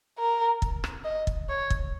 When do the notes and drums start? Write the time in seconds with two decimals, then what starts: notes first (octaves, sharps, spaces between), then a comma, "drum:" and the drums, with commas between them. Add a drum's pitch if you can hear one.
0.19 A#4
0.62 drum: kick
0.84 drum: rim click
1.05 D#5
1.27 drum: kick
1.49 C#5
1.70 drum: kick